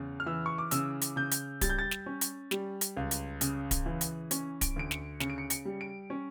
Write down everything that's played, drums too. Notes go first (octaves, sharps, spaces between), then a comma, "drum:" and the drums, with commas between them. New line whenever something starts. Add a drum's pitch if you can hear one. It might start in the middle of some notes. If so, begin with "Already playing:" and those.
Already playing: E2 C#3
F6
E3 E6
C#6
D6
C#3 E6, drum: hi-hat
drum: hi-hat
C#3 G6
drum: hi-hat
G3 A6, drum: kick D1, hi-hat
G6
A6
drum: snare
C#4
drum: hi-hat
G3, drum: snare
drum: hi-hat
C#2
drum: hi-hat
C#3, drum: hi-hat
drum: kick D1, hi-hat
E3
drum: hi-hat
C#4, drum: hi-hat
D7, drum: kick D1, hi-hat
D2 D7
C#7, drum: snare
C#3 C#7, drum: snare
D7
C#7
C#7, drum: hi-hat
G3
D7
C#4